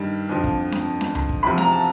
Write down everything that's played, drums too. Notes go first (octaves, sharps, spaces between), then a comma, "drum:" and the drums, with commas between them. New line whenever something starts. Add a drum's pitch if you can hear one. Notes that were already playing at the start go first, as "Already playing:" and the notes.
Already playing: G2 D#3 G3
F2 D3 F3
drum: kick
drum: snare C#4
drum: snare C#4
drum: tom C#2
drum: kick
E2 C3 F3 B5
A#5, drum: snare C#4
A5